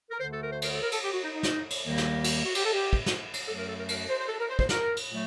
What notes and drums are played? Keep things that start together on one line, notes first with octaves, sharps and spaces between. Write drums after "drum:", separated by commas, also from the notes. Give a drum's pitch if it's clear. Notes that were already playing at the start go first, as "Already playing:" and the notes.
A#4
D2 D3 A3 C5
A4
A#4
C5
A#4, drum: cymbal
A4
A#4
A4, drum: cymbal
G4
F#4
D#4
D#4
drum: snare
drum: cymbal
D#2 D#3 G3 A#3
drum: snare
F#4, drum: cymbal
F#4
G4, drum: cymbal
A4
G4
drum: kick
drum: snare
drum: cymbal
F#2 F#3 A3 A4
A#4
A4
A#4
A#4, drum: cymbal
C5
C5
A4
A#4
C5
C5, drum: kick
A#4, drum: snare
drum: cymbal
A#2 F#3 A3